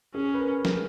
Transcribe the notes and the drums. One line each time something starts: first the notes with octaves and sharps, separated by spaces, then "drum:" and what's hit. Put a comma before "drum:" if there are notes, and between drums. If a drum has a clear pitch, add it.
C#4 G#4
B4
A#4
A#4, drum: snare